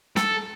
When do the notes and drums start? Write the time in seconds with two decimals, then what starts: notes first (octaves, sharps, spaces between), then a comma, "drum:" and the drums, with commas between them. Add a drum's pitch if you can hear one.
0.16 A4, drum: snare